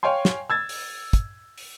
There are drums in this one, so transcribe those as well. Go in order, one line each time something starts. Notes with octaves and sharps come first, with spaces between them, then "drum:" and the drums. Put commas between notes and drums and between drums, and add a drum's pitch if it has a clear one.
C#5 F5 G5 G#5 C6
drum: snare
E6 G#6 A6
drum: open hi-hat
drum: kick, hi-hat
drum: open hi-hat